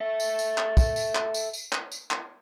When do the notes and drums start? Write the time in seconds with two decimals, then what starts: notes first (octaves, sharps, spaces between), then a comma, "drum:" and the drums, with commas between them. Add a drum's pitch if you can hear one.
0.01 A4 E5
0.20 drum: tambourine
0.39 drum: tambourine
0.58 drum: clap
0.77 drum: kick, tambourine
0.96 drum: tambourine
1.15 drum: clap
1.34 drum: tambourine
1.53 drum: tambourine
1.73 drum: clap
1.92 drum: tambourine
2.11 drum: clap